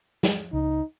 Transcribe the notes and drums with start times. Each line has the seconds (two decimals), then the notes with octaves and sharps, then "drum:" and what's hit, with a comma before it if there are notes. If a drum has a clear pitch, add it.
0.23 drum: snare
0.53 C#2 D#4